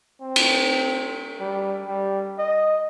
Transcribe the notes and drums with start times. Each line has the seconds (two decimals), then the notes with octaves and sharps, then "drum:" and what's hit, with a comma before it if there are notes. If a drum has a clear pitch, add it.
0.21 C4
0.36 drum: cymbal
1.40 G3
1.87 G3
2.38 D#5